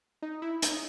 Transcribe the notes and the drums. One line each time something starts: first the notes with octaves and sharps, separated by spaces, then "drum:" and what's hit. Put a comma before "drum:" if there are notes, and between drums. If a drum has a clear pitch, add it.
D#4
E4
D#4, drum: hi-hat